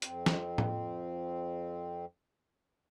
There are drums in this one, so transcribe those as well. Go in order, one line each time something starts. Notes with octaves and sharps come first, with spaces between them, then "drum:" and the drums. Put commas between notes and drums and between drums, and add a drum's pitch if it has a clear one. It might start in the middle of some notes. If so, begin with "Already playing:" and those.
F2 C4, drum: hi-hat
drum: snare
drum: tom A2